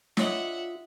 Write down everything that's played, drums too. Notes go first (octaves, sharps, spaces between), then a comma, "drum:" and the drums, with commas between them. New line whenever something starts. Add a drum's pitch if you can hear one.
D3 F4 C#5 D#5 E5 F#5, drum: snare